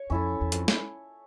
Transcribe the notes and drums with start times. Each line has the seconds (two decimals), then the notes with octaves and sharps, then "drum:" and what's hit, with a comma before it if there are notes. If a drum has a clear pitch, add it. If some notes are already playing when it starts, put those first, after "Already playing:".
Already playing: C#5
0.10 F2 C#4 E4 A4
0.41 E2
0.52 F2, drum: hi-hat
0.68 drum: snare